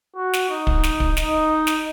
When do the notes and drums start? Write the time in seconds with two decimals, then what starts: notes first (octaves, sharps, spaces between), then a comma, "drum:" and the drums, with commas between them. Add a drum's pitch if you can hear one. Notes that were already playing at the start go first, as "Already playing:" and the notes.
0.16 F#4
0.33 drum: snare
0.50 D#4
0.67 drum: kick
0.83 drum: snare
1.00 drum: kick
1.17 D#4, drum: snare
1.67 drum: snare